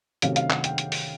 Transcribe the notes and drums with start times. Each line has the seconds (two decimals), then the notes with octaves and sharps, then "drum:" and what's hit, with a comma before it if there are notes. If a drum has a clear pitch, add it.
0.22 C3 D#3 F#3 A3 C#4 F5, drum: hi-hat
0.36 F5, drum: hi-hat
0.50 F#5, drum: clap
0.64 G5, drum: hi-hat
0.78 drum: hi-hat
0.92 drum: open hi-hat